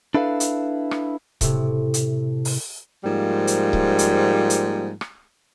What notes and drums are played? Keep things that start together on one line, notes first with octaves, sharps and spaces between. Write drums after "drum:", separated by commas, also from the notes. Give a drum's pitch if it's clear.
D4 E4 A4 B4 F5
drum: hi-hat
drum: rim click
A2 C3, drum: kick C#1, hi-hat
drum: hi-hat
drum: open hi-hat
G#2 F3 G3 A#3
drum: hi-hat
drum: kick C#1
drum: hi-hat
drum: hi-hat
drum: rim click